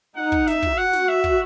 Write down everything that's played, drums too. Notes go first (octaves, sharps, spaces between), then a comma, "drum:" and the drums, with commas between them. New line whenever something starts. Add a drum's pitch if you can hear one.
D#4 F#5
drum: kick
E5, drum: snare
drum: kick
F#4 F#5
drum: snare
E5
drum: kick